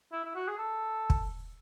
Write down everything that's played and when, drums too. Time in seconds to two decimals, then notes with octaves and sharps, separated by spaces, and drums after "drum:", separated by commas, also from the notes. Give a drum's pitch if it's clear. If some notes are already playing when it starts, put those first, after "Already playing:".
0.12 E4
0.24 E4
0.35 F#4
0.48 G#4
0.58 A4
1.10 drum: kick